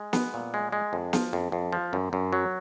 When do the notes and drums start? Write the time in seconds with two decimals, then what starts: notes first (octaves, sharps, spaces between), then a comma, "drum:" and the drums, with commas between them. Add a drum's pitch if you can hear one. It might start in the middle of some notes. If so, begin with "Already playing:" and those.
Already playing: G#3
0.13 B3, drum: snare
0.34 A#2
0.54 G#3
0.73 G#3
0.93 F2
1.13 F3, drum: snare
1.33 F2
1.52 F2
1.73 F3
1.93 F#2
2.13 F#2
2.33 F#3